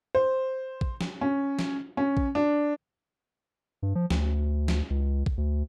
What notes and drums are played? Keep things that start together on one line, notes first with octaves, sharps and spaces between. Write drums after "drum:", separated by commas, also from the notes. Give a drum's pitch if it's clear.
C5
drum: kick A#1
drum: snare
C#4
drum: snare
C#4
drum: kick A#1
D4
G2
F3
D2, drum: snare
drum: snare
C#2
drum: kick A#1
D2